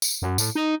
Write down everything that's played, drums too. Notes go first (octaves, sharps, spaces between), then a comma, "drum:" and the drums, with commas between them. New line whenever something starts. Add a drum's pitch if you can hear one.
drum: tambourine
F#2
A2, drum: tambourine
D#4